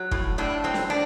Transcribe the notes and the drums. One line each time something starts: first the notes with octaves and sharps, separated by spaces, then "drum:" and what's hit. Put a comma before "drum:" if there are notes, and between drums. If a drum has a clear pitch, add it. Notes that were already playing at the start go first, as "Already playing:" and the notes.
Already playing: F#3
A2, drum: kick
A2 D4
F#3 C4
drum: snare
D4